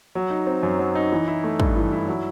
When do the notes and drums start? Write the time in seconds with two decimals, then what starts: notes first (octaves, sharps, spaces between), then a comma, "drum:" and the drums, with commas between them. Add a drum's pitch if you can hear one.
0.15 F#3
0.30 D#4
0.47 C4
0.63 F#2
0.79 F#3
0.95 D#4
1.12 E3
1.28 E4
1.44 A3
1.60 G2, drum: kick
1.76 E3
1.92 E4
2.08 F#3